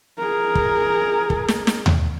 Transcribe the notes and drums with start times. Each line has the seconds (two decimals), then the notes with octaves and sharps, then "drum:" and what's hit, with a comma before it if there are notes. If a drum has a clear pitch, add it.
0.18 G#4 A#4
0.55 drum: kick
1.30 drum: kick
1.49 drum: snare
1.67 drum: snare
1.86 drum: tom D#2